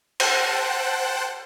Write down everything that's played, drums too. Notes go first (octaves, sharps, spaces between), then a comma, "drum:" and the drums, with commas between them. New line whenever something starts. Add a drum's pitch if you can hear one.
C5 F#5 G5 A5 F#6, drum: cymbal